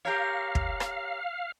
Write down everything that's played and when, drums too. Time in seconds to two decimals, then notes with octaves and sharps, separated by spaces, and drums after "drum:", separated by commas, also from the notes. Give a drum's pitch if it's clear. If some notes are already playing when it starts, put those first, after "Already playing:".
0.05 G4 A#4 C#5 F5
0.55 drum: kick
0.80 drum: rim click